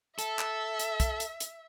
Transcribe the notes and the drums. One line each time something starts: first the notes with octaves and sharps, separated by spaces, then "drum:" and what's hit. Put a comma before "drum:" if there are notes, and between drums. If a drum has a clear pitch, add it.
A4 E5, drum: hi-hat
drum: clap
drum: hi-hat
drum: kick B1, hi-hat
drum: hi-hat
drum: hi-hat